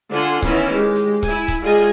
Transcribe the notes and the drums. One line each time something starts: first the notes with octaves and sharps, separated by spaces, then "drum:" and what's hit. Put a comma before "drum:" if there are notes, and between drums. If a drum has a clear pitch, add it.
D3 D4 F4 F#5 G#5 C6
D#3 E3 B3 C#4 E4, drum: kick C#1, hi-hat
G#3 G4
drum: hi-hat
E4 G#5, drum: kick C#1, hi-hat
drum: kick C#1, hi-hat
G3 G#3 F4 G#4 D#5 G#5
drum: hi-hat